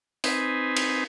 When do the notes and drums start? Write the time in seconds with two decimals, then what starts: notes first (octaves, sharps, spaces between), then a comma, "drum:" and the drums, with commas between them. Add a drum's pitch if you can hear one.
0.24 C4 D#4 B4 G#5, drum: open hi-hat
0.77 drum: cymbal